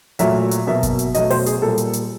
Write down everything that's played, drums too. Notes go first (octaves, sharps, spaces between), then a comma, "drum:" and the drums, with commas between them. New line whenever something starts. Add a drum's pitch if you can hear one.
A#2 F#3 A3 E5, drum: hi-hat
drum: hi-hat
B2 F#3 A#3 E5
drum: kick G1, hi-hat
drum: hi-hat
B2 F#3 A3 D#5, drum: hi-hat
C5, drum: open hi-hat
G#4, drum: hi-hat
A#2 G3 A#3 A4
drum: hi-hat
drum: hi-hat